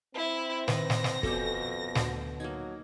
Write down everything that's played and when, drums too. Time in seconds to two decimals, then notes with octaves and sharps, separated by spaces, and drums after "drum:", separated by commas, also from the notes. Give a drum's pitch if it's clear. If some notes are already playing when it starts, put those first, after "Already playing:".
0.15 C4 E4
0.68 D#3 B4 A#6, drum: snare
0.90 drum: snare
1.04 drum: snare
1.23 F2 B2 B3 C#4 A4 D6 G6, drum: kick
1.95 D2 D3 G5, drum: snare
2.40 F#3 A#3 D#4 G#6